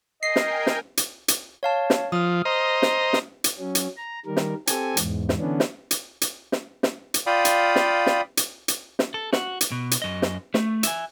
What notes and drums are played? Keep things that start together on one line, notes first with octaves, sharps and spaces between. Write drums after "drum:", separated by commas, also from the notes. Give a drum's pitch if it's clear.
A#4 D#5 G5 G#5 C7
drum: snare
drum: snare
drum: hi-hat
drum: hi-hat
C#5 F5 A5
drum: snare
F3 D#6 F6
C5 D#5 A#5
drum: snare
drum: snare
drum: hi-hat
F#3 C#4
drum: hi-hat
A#5
D#3 G3 A#4
drum: snare
C4 G4 A4 G#5, drum: hi-hat
E2 G#2, drum: hi-hat
drum: snare
D3 E3 B3 C#4 D4
drum: snare
drum: hi-hat
drum: hi-hat
drum: snare
drum: snare
drum: hi-hat
F4 D5 F5 G5 B5 D#6
drum: hi-hat
drum: snare
drum: snare
drum: hi-hat
drum: hi-hat
drum: snare
A4
F#4, drum: snare
drum: hi-hat
B2
drum: hi-hat
F#2 D#5
drum: snare
A3, drum: snare
E5 G#5, drum: hi-hat